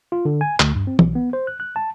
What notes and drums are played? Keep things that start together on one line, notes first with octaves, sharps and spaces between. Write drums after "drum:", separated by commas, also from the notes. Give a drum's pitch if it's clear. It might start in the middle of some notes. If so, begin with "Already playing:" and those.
F4
D3
G#5
D2, drum: clap
G2
C4
B1, drum: tom
B3
C5
F#6
F#6
A5